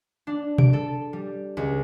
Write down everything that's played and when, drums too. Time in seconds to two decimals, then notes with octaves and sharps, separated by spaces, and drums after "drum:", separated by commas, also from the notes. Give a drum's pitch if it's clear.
0.27 D4
0.58 D7, drum: tom B2
0.73 A4
1.13 G3
1.57 C#2